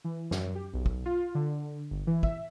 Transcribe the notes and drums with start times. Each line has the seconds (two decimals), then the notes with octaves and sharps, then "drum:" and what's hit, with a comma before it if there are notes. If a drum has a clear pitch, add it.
0.04 E3
0.31 F#2, drum: snare
0.55 G4
0.74 B1
0.86 drum: kick
1.06 F4
1.35 D3
1.91 G1
2.07 E3
2.23 E5, drum: kick